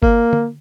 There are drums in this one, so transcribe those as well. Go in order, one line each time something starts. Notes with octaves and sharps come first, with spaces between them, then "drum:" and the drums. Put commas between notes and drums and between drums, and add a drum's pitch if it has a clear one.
A#3, drum: kick G1
drum: tom D3